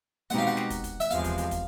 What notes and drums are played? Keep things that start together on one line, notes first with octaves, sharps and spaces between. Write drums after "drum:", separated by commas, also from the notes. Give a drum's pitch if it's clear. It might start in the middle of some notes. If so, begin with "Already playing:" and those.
B2 G#3 C4 D#4 G4 F#5, drum: hi-hat
F5
F#5
drum: snare
drum: kick, hi-hat
drum: kick, hi-hat
E5, drum: hi-hat
E2 C3 F3 G#3 F5, drum: hi-hat
drum: kick, hi-hat
drum: hi-hat
drum: kick, hi-hat